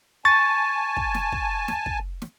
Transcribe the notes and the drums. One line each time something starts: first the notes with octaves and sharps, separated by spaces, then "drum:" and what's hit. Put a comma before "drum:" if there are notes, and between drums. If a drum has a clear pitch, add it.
G#5 A5 C#6 A6
drum: kick
drum: snare
drum: kick
drum: snare
drum: kick
drum: snare